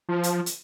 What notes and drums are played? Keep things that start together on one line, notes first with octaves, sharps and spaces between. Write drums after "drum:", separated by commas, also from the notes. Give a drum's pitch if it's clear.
F3
drum: hi-hat
drum: hi-hat